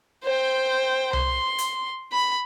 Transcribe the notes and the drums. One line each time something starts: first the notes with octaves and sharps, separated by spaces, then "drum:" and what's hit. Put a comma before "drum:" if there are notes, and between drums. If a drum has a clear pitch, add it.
C5 G5
C6, drum: tom C2
drum: hi-hat
B5